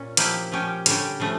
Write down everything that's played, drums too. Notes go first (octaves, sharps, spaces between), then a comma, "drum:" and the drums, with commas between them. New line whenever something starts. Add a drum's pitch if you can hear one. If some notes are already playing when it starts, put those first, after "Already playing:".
Already playing: A#2 C#4
F3 A#3 E4 G4, drum: hi-hat
F3 C#4 G4
D3 G3 C#4 G4, drum: hi-hat
C#3 F3 A3